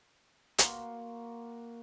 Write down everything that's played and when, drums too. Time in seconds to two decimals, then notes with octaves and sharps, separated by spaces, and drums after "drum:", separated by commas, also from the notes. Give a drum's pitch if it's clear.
0.58 A#3 F#4 C6, drum: hi-hat